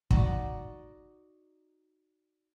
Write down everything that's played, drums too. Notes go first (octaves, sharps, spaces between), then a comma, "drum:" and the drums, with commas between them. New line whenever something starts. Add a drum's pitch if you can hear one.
D#4 F#4 D5 D#5, drum: kick